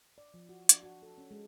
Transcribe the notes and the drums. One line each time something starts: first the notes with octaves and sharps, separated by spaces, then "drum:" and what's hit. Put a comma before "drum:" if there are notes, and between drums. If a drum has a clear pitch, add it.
D5
F3
F#4
D4, drum: hi-hat
F#4
A4
C#4
G#3